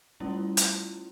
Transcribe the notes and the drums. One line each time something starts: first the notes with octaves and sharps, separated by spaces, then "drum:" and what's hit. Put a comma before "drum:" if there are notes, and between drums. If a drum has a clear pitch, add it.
G3 A3 C#4 E4 F4
drum: hi-hat